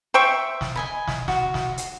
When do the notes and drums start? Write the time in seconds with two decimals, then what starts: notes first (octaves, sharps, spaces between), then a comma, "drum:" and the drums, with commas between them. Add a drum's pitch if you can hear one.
0.14 C5 E5 G5 C#6
0.61 drum: snare
0.76 D#5 G#5 B5
1.08 drum: snare
1.28 F#4, drum: snare
1.54 drum: snare
1.78 drum: hi-hat